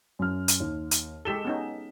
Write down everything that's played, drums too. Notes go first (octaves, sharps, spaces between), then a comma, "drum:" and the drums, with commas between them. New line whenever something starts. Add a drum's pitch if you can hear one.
F#2 F6
drum: hi-hat
D#2
drum: hi-hat
G#3 G4 A4 B6 E7 G7
B3 C#4 D#4